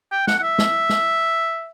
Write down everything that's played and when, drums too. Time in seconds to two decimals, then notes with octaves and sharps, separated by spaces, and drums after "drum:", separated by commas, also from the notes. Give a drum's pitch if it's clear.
0.12 G5
0.27 F#5, drum: snare
0.38 F#5
0.43 E5
0.58 drum: snare
0.89 drum: snare